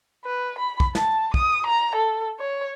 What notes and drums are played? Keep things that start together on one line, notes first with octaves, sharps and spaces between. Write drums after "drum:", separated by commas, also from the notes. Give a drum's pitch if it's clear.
B4
B5
drum: kick
A5, drum: snare
D#6, drum: kick
A#5
A4
C#5